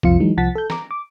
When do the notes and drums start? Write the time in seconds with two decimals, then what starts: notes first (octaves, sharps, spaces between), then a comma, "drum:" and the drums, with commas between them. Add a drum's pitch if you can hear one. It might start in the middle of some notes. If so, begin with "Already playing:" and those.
0.03 C2 F2 F3 F4 C#7, drum: kick
0.20 E3 F#3 G#3 D#4
0.37 C2 F3 F#5 A5 A6 B6
0.55 A4 G6
0.70 A#5 D6, drum: snare
0.91 D6